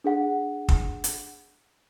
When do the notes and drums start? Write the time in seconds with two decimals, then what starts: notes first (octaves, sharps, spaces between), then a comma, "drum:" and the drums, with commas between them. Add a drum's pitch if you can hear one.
0.04 D4 G#4 F#5
0.69 drum: kick
1.04 drum: hi-hat